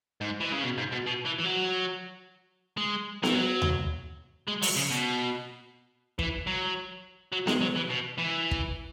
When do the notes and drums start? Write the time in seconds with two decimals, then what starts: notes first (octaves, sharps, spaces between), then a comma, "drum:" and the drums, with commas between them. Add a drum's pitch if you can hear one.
0.21 G#2
0.40 E3
0.52 C#3
0.64 B2
0.78 G#2
0.92 B2
1.06 B2
1.25 E3
1.38 E3
1.44 F#3
2.77 G#3
3.23 E3, drum: snare B3
3.34 F#3
3.62 drum: tom D#2
4.48 G#3
4.62 F#3, drum: open hi-hat
4.77 C#3
4.91 B2
6.19 E3, drum: kick
6.47 F#3
7.32 F#3
7.47 G#3, drum: snare B3
7.61 F#3
7.76 E3
7.89 B2
8.18 E3
8.51 drum: kick